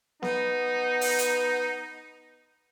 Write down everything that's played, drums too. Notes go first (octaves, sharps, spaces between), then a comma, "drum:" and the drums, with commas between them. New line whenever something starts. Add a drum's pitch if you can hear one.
B3 D#4, drum: snare B3
drum: open hi-hat
drum: hi-hat